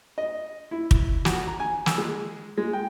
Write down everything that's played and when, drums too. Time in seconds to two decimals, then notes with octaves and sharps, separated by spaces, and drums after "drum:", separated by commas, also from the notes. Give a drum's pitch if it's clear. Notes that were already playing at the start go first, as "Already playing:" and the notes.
0.18 D#5
0.71 E4
0.91 drum: kick
1.25 F#4, drum: snare
1.47 A#5
1.60 G#5
1.86 E6, drum: snare
1.98 G#3
2.58 G#3
2.73 G5